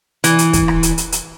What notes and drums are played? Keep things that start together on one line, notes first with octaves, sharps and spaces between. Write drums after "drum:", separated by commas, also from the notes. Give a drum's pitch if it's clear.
E3, drum: hi-hat
drum: hi-hat
drum: kick, hi-hat
drum: rim click
drum: hi-hat
drum: hi-hat
drum: hi-hat